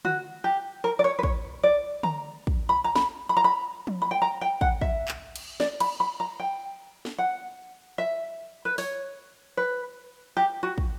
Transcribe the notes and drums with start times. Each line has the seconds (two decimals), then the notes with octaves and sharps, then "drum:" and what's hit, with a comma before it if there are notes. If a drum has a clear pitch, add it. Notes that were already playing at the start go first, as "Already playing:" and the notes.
0.05 F#4, drum: tom D3
0.44 G4
0.84 A#4
0.99 D5
1.04 C#5
1.19 B4
1.23 C#5, drum: kick
1.63 D5
2.03 A#5, drum: tom D3
2.47 drum: kick
2.69 B5
2.84 A#5
2.95 B5, drum: snare
3.29 B5
3.37 A#5
3.44 B5
3.87 drum: tom F3
4.02 B5
4.11 G5
4.22 A#5
4.41 G5
4.61 F#5, drum: kick
4.81 E5, drum: kick
5.08 drum: clap
5.36 drum: cymbal
5.60 D5, drum: snare
5.80 B5, drum: cymbal
6.00 B5
6.20 A#5
6.40 G5
7.05 drum: snare
7.18 F#5
7.98 E5
8.65 B4
8.78 C#5, drum: open hi-hat
9.57 B4
10.37 G4
10.63 F#4
10.78 drum: kick